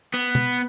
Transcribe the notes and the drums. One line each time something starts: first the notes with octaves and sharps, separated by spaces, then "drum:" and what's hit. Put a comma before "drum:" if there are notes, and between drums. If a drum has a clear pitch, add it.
B3
drum: tom B2